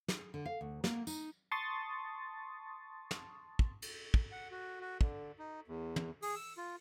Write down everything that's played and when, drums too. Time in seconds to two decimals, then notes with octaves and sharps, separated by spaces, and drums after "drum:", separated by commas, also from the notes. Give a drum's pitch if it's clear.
0.08 G#4, drum: snare
0.34 D3
0.45 F5
0.61 D2
0.84 A#3, drum: snare
1.07 D#4, drum: tambourine
1.51 A5 C6 C#6 D#6 A6
3.11 drum: snare
3.59 drum: kick
3.82 drum: cymbal
4.14 drum: kick
4.32 F#5
4.51 F#4
4.81 F#4
5.01 D3, drum: kick
5.39 D#4
5.68 E2
5.96 drum: tom
6.22 G#4, drum: open hi-hat
6.36 E6
6.57 F4